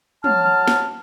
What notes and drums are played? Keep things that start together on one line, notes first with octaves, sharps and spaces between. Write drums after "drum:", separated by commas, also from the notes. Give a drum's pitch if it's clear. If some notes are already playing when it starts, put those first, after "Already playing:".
F#3 A5 F6, drum: tom
drum: snare